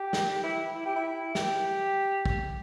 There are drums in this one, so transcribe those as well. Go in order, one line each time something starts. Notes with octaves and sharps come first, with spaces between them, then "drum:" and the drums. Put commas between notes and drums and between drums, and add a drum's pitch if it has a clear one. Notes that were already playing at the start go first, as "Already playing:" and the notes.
Already playing: G4
drum: snare
E4
E4
G4
E4
G4, drum: snare
drum: kick